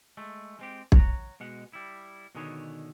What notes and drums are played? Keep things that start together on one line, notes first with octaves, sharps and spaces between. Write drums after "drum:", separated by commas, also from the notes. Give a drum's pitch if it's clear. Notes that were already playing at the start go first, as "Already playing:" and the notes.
G#3 A3
G#3 C4 G4
C#5 F#5 A#5, drum: kick
B2 G#3 F#5
G3 E4
B2 D3 D#3 G#4 B4 C#5